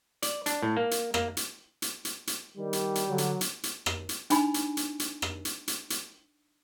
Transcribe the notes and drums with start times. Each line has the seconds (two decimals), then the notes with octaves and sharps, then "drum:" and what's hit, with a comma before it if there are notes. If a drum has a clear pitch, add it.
0.22 D5, drum: hi-hat
0.46 D4, drum: hi-hat
0.63 A2
0.77 A#3
0.91 drum: hi-hat
1.14 A#3, drum: rim click
1.37 drum: hi-hat
1.82 drum: hi-hat
2.05 drum: hi-hat
2.27 drum: hi-hat
2.58 D#3 G3
2.73 drum: hi-hat
2.95 drum: hi-hat
3.09 D3 F#3
3.18 drum: hi-hat
3.41 drum: hi-hat
3.63 drum: hi-hat
3.86 drum: rim click
4.09 drum: hi-hat
4.30 D4 D#4 G#5 B5, drum: hi-hat
4.54 drum: hi-hat
4.77 drum: hi-hat
5.00 drum: hi-hat
5.22 drum: rim click
5.45 drum: hi-hat
5.68 drum: hi-hat
5.90 drum: hi-hat